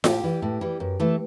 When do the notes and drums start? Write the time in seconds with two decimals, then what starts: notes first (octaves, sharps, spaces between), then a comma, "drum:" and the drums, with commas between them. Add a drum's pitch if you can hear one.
0.04 A2 G4, drum: snare F4
0.24 E3 G3
0.42 A2
0.61 E3 G3
0.80 F#2
1.00 E3 A3